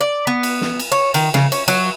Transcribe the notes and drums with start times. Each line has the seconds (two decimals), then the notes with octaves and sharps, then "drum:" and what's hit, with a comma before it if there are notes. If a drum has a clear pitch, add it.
0.01 D5
0.27 B3
0.43 drum: cymbal
0.61 drum: snare
0.79 drum: cymbal
0.92 C#5
1.14 D#3, drum: cymbal
1.34 C#3, drum: snare
1.52 C#4, drum: cymbal
1.68 F#3, drum: cymbal